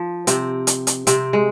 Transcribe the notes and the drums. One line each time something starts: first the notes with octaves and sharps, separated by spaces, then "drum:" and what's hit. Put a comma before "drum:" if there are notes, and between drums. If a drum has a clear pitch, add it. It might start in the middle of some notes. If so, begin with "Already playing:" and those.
Already playing: F3
C3 C4, drum: hi-hat
drum: hi-hat
drum: hi-hat
C3 C4, drum: hi-hat
G#3